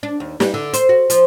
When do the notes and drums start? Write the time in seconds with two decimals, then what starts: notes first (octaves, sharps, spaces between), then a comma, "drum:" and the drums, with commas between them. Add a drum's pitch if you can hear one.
0.03 D4
0.20 D#2
0.40 G3, drum: snare
0.54 D3
0.74 C5, drum: hi-hat
0.89 F#4
1.10 F3, drum: hi-hat